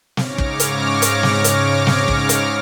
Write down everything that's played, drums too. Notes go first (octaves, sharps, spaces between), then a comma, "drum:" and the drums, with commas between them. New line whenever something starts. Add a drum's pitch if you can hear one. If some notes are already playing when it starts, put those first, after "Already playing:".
G#2 C#3 C#5 D6 F6 A#6, drum: snare
drum: kick
drum: hi-hat
drum: hi-hat
drum: snare
drum: hi-hat
drum: snare
drum: kick
drum: hi-hat